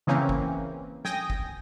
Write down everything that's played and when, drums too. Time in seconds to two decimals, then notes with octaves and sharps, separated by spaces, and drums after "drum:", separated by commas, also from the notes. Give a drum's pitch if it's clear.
0.07 C#3 E3 A#3 C4 C#4
0.29 drum: kick
1.05 G5 G#5 D#6 A#6, drum: snare
1.30 drum: kick